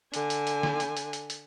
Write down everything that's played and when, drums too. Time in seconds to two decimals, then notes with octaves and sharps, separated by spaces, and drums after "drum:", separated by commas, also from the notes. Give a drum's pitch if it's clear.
0.14 D3 G#5, drum: hi-hat
0.30 drum: hi-hat
0.47 drum: hi-hat
0.63 drum: snare
0.80 drum: hi-hat
0.97 drum: hi-hat
1.13 drum: hi-hat
1.30 drum: hi-hat